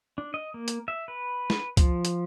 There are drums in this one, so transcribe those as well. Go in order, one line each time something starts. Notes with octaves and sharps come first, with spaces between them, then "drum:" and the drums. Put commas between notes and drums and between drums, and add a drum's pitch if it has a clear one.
D4
D#5
A#3
drum: hi-hat
E5
B4
drum: snare
F3, drum: kick C#2, hi-hat
drum: hi-hat